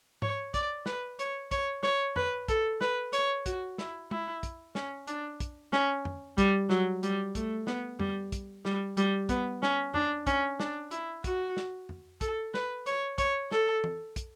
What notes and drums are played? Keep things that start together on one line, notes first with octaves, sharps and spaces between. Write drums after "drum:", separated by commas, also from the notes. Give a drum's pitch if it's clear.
C#5, drum: tom G#2
D5, drum: kick, hi-hat
B4, drum: snare
C#5, drum: hi-hat
C#5, drum: kick, hi-hat
C#5, drum: snare
B4, drum: tom F2
A4, drum: kick, hi-hat
B4, drum: snare
C#5, drum: hi-hat
F#4, drum: kick, hi-hat
E4, drum: snare
E4, drum: tom
drum: kick, hi-hat
C#4, drum: snare
D4, drum: hi-hat
drum: kick, hi-hat
C#4, drum: snare
drum: tom F2
G3, drum: kick, hi-hat
F#3, drum: snare
G3, drum: hi-hat
A3, drum: kick, hi-hat
B3, drum: snare
G3, drum: tom F2
drum: kick, hi-hat
G3, drum: snare
G3, drum: hi-hat
B3, drum: kick, hi-hat
C#4, drum: snare
D4, drum: tom F2
C#4, drum: kick, hi-hat
D4, drum: snare
E4, drum: hi-hat
F#4, drum: kick, hi-hat
drum: snare
drum: tom F2
A4, drum: kick, hi-hat
B4, drum: snare
C#5, drum: hi-hat
C#5, drum: kick, hi-hat
A4, drum: snare
drum: tom E3
drum: kick, hi-hat